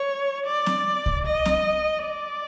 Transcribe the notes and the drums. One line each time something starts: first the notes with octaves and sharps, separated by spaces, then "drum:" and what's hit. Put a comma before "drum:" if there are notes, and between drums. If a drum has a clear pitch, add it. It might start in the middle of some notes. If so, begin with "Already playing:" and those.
Already playing: C#5
D5
drum: snare C4
drum: kick C2
D#5
drum: snare C4
D5